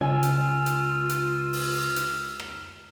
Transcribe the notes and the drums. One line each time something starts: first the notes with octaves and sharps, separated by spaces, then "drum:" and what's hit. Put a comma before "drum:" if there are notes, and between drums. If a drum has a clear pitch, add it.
C#2 C#3 F4 G#5 E6 F6
drum: hi-hat
drum: hi-hat
drum: hi-hat
drum: open hi-hat
drum: hi-hat
drum: rim click